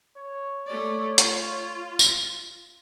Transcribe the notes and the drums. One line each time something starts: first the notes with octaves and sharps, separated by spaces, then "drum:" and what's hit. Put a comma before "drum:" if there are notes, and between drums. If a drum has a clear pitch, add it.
C#5
A3 D5
F4, drum: hi-hat
drum: tambourine